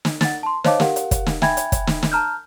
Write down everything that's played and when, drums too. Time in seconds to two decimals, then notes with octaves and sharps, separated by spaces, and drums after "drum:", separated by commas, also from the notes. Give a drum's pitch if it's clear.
0.05 drum: snare
0.21 F#5 A6, drum: snare
0.43 A5 C6
0.64 C5 C#5 D#5 F5 A5 D6, drum: snare
0.80 G4 A#4 F5 F#5, drum: snare
0.96 drum: hi-hat
1.11 drum: kick, hi-hat
1.26 drum: snare
1.42 E5 G5 G#5 B5 G#6, drum: snare
1.57 drum: hi-hat
1.72 drum: kick, hi-hat
1.87 drum: snare
2.03 drum: snare
2.12 A5 A#5 F6 G6